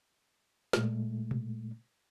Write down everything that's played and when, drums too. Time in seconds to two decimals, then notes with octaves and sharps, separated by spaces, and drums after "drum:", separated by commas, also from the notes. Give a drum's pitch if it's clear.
0.73 A#2 G#3 A3, drum: snare
1.31 drum: tom B2